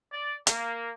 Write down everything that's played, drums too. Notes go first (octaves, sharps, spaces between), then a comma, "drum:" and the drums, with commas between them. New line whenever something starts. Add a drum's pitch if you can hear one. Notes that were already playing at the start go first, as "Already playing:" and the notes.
D5
A#3, drum: hi-hat